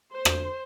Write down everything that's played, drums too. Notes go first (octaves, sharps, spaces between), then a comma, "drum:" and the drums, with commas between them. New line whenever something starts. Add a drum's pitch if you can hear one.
C5
drum: rim click